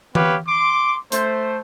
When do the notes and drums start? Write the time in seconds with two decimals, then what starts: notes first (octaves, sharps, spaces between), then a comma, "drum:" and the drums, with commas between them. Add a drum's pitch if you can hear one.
0.15 B3 G4 B4 C#5 F5, drum: tom E3
0.48 C6 D6
1.12 A3 C5, drum: hi-hat